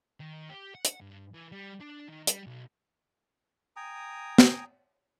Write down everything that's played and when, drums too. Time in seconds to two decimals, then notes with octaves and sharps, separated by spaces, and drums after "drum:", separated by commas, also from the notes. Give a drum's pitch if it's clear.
0.20 D#3
0.49 G4
0.75 F#5
0.85 drum: hi-hat
1.01 G2
1.34 E3
1.52 G3
1.81 D4
2.09 D#3
2.27 G3, drum: hi-hat
2.46 B1
3.76 G5 G#5 A#5 D#6
4.38 drum: snare B3